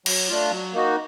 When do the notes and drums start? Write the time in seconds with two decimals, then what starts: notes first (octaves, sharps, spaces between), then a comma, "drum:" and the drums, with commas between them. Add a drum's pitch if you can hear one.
0.06 F#3, drum: cymbal
0.29 A3 D4 F4
0.51 F#3
0.73 A#3 D#4 F#4